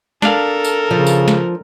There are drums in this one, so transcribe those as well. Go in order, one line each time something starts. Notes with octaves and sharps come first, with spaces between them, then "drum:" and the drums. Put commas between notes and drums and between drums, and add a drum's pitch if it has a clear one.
D4 A4 A#4 F5, drum: snare
drum: tambourine
C#3 F3
drum: tambourine
drum: snare